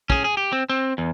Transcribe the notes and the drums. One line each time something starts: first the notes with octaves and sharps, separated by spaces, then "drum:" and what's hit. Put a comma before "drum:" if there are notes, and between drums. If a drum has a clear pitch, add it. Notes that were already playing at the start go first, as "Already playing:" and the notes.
C#4 G#4, drum: kick
G#4
G4
C4
C4
E2